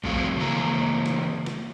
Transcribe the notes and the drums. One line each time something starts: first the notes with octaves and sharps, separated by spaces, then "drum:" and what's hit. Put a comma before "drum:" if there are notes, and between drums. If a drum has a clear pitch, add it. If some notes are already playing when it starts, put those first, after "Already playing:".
G2 F3 A3 C4 F#4 F5, drum: kick A#1
C#3 E3 A#3 A#5
drum: snare
drum: snare